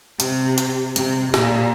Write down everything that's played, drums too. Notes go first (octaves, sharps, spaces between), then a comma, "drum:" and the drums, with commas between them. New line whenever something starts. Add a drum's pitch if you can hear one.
C3, drum: hi-hat
drum: hi-hat
C3, drum: hi-hat
A#2, drum: snare